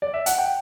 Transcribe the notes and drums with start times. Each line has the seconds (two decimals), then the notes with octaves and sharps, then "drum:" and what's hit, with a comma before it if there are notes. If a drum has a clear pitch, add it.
0.02 D5
0.14 E5
0.26 F#5, drum: hi-hat
0.38 G5